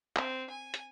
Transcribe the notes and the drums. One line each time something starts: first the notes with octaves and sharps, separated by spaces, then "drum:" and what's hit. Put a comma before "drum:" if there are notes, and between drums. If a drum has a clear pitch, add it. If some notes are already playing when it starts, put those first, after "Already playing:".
C4, drum: clap
G#5
drum: hi-hat